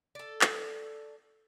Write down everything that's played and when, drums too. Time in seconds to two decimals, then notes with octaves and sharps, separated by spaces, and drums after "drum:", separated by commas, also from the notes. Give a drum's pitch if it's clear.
0.15 A4 D5
0.41 drum: clap